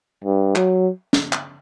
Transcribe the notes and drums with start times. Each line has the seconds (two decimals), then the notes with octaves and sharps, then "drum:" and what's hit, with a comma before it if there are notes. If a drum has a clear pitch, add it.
0.24 G2
0.55 F#3, drum: clap
1.13 drum: snare
1.33 drum: clap